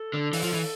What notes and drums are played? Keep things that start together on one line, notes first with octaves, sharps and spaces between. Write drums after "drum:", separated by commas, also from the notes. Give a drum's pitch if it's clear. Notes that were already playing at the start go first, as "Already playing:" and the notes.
Already playing: A4
D3
E3, drum: open hi-hat
F3
E3